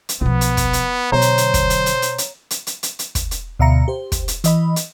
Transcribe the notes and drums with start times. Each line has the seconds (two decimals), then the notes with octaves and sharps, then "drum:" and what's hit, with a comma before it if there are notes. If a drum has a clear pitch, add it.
0.09 drum: hi-hat
0.21 B1 B2 F3 B3
0.41 drum: hi-hat
0.57 drum: kick, hi-hat
0.73 drum: hi-hat
1.12 B2 D3 F#3 C5 C#5 A#5
1.22 drum: hi-hat
1.38 drum: hi-hat
1.54 drum: kick, hi-hat
1.70 drum: hi-hat
1.86 drum: hi-hat
2.02 drum: hi-hat
2.18 drum: hi-hat
2.51 drum: hi-hat
2.67 drum: hi-hat
2.83 drum: hi-hat
2.99 drum: hi-hat
3.15 drum: kick, hi-hat
3.31 drum: hi-hat
3.59 D2 B2 E5 F5 A#5 C#7
3.88 G4 C5
4.12 drum: kick, hi-hat
4.28 drum: hi-hat
4.44 E3 D#5 B5, drum: hi-hat
4.76 drum: hi-hat